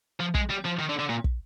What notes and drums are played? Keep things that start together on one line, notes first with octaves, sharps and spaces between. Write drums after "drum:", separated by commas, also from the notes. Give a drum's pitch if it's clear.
F3
G#3, drum: kick
G3
F3
D#3
D3
D3
A#2
drum: kick